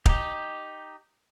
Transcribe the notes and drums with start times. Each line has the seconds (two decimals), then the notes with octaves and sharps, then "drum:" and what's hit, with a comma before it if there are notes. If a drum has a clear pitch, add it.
0.06 D#4 G4, drum: kick